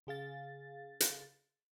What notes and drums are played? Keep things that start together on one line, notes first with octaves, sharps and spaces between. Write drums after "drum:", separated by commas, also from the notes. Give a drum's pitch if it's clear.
C#3 G#4 F5 A6
drum: hi-hat